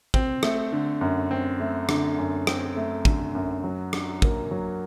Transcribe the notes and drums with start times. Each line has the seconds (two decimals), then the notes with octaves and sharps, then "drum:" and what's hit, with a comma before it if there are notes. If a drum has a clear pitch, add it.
0.14 C4, drum: kick
0.43 A3, drum: rim click
0.72 D3
1.01 F#2
1.31 C4
1.60 A3
1.89 D3, drum: rim click
2.18 F#2
2.47 C4, drum: rim click
2.76 A3
3.05 D3, drum: kick
3.35 F#2
3.64 F#3
3.93 D4, drum: rim click
4.22 A#3, drum: kick
4.51 F#3